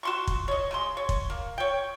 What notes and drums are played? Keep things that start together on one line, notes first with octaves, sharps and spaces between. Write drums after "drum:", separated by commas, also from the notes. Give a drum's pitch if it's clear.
F#4 C6 C#6
drum: kick
C#5 D#5
C#3 G#3 C6
C#5
drum: kick
A#3
C#5 G5